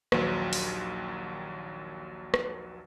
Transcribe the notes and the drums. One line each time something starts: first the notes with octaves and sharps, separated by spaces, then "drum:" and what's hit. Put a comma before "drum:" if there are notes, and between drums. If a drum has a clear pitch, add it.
A#1 D#2 F#3, drum: rim click
drum: open hi-hat
drum: rim click